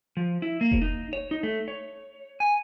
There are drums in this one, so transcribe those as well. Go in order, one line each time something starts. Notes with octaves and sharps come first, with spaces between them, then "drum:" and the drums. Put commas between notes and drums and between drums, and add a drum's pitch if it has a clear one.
F3
E4
A#3
drum: kick F1
D#4
C#5
D#4
A3
C#5
G#5